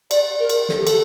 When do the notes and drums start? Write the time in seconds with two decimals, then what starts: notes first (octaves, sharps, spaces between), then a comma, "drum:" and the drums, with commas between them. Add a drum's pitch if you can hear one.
0.11 D5, drum: cymbal
0.40 A#4
0.49 drum: cymbal
0.69 A4, drum: snare
0.79 G4
0.87 A4, drum: cymbal